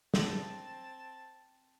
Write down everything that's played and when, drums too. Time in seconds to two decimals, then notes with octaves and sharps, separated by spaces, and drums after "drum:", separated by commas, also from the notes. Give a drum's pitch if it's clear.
0.14 C4 A5, drum: snare